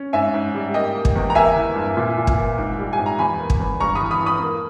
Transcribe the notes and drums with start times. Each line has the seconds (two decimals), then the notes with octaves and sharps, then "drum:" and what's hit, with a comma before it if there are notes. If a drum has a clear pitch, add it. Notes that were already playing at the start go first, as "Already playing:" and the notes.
Already playing: C#4
0.13 G#2 E5 G#5
0.34 G#2
0.54 G3
0.74 A#3 D#5 G5
0.95 A#3
1.05 drum: kick
1.16 E2
1.30 A#5
1.35 A#3 E5 G#5
1.56 E3
1.76 G2
1.97 A#2
2.17 A#2
2.27 drum: kick
2.37 A#3
2.58 G#2
2.78 G3
2.93 G#5
2.99 G#2
3.06 A#5
3.19 E2 G#5 B5
3.39 A#3
3.50 drum: kick
3.60 E2
3.80 G2 A#5 C#6
3.95 B5 D#6
4.01 E3
4.11 B5 D#6
4.21 E3
4.26 B5 D#6
4.42 A#3